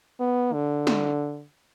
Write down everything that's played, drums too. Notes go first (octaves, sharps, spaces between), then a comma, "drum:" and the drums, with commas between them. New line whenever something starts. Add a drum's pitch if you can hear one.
B3
D3
drum: snare